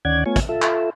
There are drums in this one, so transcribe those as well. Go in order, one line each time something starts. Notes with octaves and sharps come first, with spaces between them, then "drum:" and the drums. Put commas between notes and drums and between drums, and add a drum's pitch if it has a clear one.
D2 D#3 C#4 D5 F#5 G#6
A3 B3 F4 C#5 G#5
drum: kick, hi-hat
F4 A4 E5
drum: clap B5